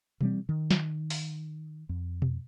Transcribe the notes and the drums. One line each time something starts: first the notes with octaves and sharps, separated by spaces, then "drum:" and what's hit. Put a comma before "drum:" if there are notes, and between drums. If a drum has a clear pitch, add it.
E3 G3 C4, drum: tom B2
D#3
drum: snare
drum: open hi-hat
F2
drum: tom B2